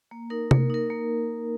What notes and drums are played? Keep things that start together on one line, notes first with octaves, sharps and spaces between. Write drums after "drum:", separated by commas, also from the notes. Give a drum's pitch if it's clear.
A#3
D#4 A#4
A#3, drum: tom C3
D#4 A#4
A#3